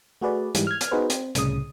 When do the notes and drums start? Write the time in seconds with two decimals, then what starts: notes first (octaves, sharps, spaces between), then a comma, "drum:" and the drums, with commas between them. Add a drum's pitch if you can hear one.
0.21 A3 F#4 G#4 B4 D5
0.55 G#2 E3 G3, drum: hi-hat
0.67 F6 G#6
0.81 drum: hi-hat
0.91 B3 D#4 F#4 G#4 B4 C5
1.10 C4, drum: hi-hat
1.35 C2 A2 C#3 D#6, drum: hi-hat